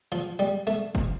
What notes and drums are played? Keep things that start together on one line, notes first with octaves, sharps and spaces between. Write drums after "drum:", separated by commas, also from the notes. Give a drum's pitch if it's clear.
F3
G3
A3, drum: hi-hat
drum: kick, hi-hat